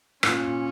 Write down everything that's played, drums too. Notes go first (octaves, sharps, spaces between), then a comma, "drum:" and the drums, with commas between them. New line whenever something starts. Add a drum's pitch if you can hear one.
A#2 C#4, drum: rim click
A#2